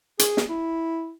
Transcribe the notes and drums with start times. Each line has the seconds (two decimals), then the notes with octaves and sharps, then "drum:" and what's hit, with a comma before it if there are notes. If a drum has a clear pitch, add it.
0.19 G#4, drum: hi-hat
0.37 drum: snare
0.49 E4